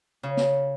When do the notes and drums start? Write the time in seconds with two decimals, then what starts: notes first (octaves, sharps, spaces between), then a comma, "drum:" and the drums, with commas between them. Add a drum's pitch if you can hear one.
0.23 C#3
0.37 drum: snare